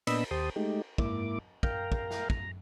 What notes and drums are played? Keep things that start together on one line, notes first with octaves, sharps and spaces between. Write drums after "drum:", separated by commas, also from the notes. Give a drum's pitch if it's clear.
A#2 B3 D4 D#5 B5 E6, drum: cymbal
D#2 G4 C5 A5 C6 D#6
G#3 A3 D#4 G4
G#2 A#3 E4 D6, drum: kick
A#4 F5 G5 A#5, drum: kick
drum: kick
drum: snare
A#5, drum: kick